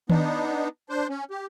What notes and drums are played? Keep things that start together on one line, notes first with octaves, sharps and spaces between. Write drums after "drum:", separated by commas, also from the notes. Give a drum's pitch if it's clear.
B3 D4 D#4, drum: tom D#3
D4 C5
C#4
G4